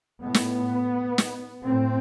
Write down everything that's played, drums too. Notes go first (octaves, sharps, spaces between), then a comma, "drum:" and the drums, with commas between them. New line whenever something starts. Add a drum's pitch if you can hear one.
A2 B3
drum: snare
drum: snare
A2 C4